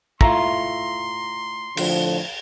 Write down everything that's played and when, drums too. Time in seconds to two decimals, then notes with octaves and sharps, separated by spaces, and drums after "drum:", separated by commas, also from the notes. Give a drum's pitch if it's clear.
0.21 A3 E4 F4 A#5 C6, drum: kick
1.77 A2 D3 F3, drum: cymbal